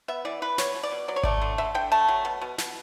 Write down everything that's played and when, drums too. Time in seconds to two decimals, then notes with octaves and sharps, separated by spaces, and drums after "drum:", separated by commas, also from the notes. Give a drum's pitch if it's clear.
0.08 B3 E5
0.25 E3 D5
0.42 E3 B4
0.58 B3 C#5, drum: snare
0.75 B2
0.83 D5
0.92 B2
1.08 F#3 D5
1.16 C#5
1.23 A3 D5, drum: kick G#1
1.41 D3
1.58 D3 E5
1.74 D3 G5
1.92 A3 A5
2.08 F#3
2.25 B2
2.41 B2
2.58 B2, drum: snare